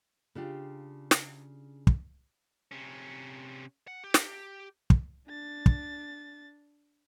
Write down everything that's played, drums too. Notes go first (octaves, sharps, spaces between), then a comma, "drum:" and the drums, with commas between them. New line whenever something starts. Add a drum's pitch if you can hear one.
C#3 D4 F4 G4
drum: snare
drum: kick
C3 C#4
F#5
G4
drum: snare
drum: kick
D4 A6
drum: kick